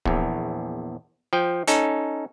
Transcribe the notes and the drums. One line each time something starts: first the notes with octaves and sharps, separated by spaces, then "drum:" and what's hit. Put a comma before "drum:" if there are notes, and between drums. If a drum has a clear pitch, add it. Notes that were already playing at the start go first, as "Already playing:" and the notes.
A#1 E2, drum: kick
F3 G5
C#4 D#4 A4, drum: hi-hat